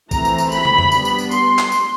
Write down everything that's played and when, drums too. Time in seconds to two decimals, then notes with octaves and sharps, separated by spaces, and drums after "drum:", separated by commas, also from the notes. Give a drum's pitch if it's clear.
0.11 E3 A3 C4 A#5, drum: kick A1, tambourine
0.25 drum: tambourine
0.38 drum: tambourine
0.52 B5, drum: tambourine
0.65 drum: tom
0.78 drum: tom F2
0.92 G3 B3 D4, drum: tambourine
1.05 drum: tambourine
1.18 drum: tambourine
1.31 C6, drum: tambourine
1.59 drum: clap
1.72 drum: tambourine